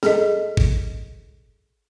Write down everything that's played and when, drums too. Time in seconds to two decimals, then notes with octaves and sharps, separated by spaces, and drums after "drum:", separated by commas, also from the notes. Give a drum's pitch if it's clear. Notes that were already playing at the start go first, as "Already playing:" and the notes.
0.03 G#4 A4 D#5, drum: snare
0.57 drum: kick